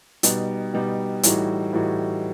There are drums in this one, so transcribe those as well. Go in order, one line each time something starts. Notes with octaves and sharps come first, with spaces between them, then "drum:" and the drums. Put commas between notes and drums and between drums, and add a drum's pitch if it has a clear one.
B2 G3 D#4, drum: hi-hat
B2 G3 D#4
A2 E3 G3 D#4 F#4, drum: hi-hat
A2 E3 G3 D#4 F#4